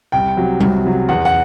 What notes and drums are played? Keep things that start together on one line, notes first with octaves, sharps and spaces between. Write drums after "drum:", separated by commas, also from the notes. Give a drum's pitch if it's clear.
C2 G5
C3 F#3
C2, drum: tom G3
C3 F#3
E2 F#5
F#5